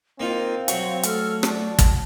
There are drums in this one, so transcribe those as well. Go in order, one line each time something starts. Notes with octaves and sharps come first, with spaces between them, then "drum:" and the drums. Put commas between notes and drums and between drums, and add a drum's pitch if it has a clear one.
A#3 C4 D#4 F4 F5
F#3 C#5, drum: hi-hat
A3 A4 F6, drum: hi-hat
F#4 D5 A5, drum: rim click
drum: kick, hi-hat